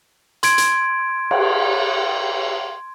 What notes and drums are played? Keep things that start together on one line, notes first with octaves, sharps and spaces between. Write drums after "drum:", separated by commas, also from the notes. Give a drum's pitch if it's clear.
C6 G#6 D7, drum: hi-hat
drum: hi-hat
drum: cymbal